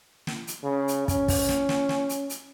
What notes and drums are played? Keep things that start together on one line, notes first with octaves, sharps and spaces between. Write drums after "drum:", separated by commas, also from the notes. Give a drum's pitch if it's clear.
drum: snare
drum: hi-hat
C#3
drum: hi-hat
C#4, drum: kick, hi-hat
drum: kick, open hi-hat
drum: snare
drum: snare
drum: snare
drum: hi-hat
drum: hi-hat